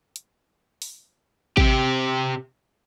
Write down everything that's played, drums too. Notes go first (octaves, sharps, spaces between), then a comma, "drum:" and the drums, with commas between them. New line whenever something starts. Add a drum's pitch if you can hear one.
drum: hi-hat
drum: open hi-hat
C3 G4, drum: kick